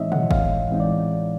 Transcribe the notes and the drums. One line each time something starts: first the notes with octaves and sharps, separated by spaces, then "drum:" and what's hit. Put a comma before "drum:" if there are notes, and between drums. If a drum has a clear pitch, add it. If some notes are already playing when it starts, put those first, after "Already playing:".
Already playing: A2 E3 G#3 C4 D#4 C#5 D#5 E5
F#5, drum: tom
A2 F5, drum: kick
E3 G#3 C4 D#4
D5